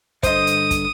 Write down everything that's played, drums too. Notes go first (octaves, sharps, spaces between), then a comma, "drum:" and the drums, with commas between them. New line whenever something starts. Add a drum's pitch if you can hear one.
G2 D3 C5 D#5 D#6, drum: kick, hi-hat
drum: hi-hat
drum: kick, hi-hat